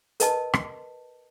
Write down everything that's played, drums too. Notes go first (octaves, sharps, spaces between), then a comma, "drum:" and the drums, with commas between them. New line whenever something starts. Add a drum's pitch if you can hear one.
A#4 B4 D#5 A5, drum: hi-hat
drum: rim click